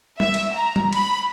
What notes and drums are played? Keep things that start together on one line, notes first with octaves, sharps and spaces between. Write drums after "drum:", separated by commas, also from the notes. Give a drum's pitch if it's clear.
E5, drum: tom
drum: cymbal
A#5
drum: tom
B5, drum: cymbal